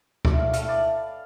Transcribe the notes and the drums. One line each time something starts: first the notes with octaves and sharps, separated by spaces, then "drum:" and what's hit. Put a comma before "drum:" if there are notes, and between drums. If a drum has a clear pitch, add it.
A2 A3 D5, drum: kick D2
F5
A2 A3 F5, drum: hi-hat
D5